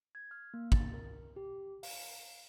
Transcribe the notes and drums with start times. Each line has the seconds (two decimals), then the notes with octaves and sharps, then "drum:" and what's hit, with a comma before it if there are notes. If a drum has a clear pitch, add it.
0.15 G#6
0.31 F6
0.54 A#3
0.72 A6, drum: kick
0.93 A#4
1.36 G4
1.83 F5, drum: open hi-hat